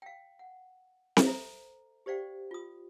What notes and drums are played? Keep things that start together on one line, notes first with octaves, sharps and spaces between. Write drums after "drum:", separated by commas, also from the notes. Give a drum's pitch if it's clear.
F5 G5
F#5
drum: snare C4
A4 C5 E5 A#5
G4 C5 D5 F5 G5
F4 D#6